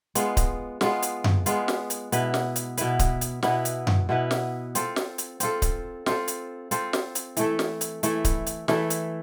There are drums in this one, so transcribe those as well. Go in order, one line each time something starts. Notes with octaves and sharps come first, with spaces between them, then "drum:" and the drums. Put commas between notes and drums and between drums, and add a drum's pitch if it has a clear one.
G#3 B3 F4, drum: hi-hat
drum: kick D1, hi-hat
G#3 B3 F4, drum: snare
drum: hi-hat
drum: tom F#2
G#3 B3 F4, drum: hi-hat
drum: snare
drum: hi-hat
B2 B3 E4 B4, drum: hi-hat
drum: snare
drum: hi-hat
B2 B3 E4 B4, drum: hi-hat
drum: kick D1, hi-hat
drum: hi-hat
B2 B3 E4 B4, drum: snare
drum: hi-hat
drum: tom F#2
B2 B3 E4 B4
drum: snare
C4 F4 A4, drum: hi-hat
drum: snare
drum: hi-hat
C4 F4 A4, drum: hi-hat
drum: kick D1, hi-hat
C4 F4 A4, drum: snare
drum: hi-hat
C4 F4 A4, drum: hi-hat
drum: snare
drum: hi-hat
E3 A3 E4 A4, drum: hi-hat
drum: snare
drum: hi-hat
E3 A3 E4 A4, drum: hi-hat
drum: kick D1, hi-hat
drum: hi-hat
E3 A3 E4 A4, drum: snare
drum: hi-hat